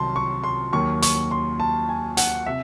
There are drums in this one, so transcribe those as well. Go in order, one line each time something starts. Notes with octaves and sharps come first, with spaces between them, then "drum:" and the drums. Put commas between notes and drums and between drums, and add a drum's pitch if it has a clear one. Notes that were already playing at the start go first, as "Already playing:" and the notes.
Already playing: C2 C3 D#3 F#3 A5 C6
C#6
C6
D#2 D#3 F#3 C#6
C#6, drum: hi-hat
C6
A5
G#5
F#5, drum: hi-hat
C3 E5